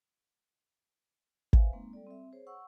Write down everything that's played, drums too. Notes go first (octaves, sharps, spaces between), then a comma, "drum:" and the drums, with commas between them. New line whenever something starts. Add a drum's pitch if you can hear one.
B4 C5 E5 F5 G#5, drum: kick
G#3 A#3 C4 D#4
G3 A4 D5
C4 E5
G#4 C5 C#5
F#5 C#6 E6